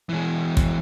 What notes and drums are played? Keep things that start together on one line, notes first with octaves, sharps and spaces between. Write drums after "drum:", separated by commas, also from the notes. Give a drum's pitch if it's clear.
E3 G#3
drum: kick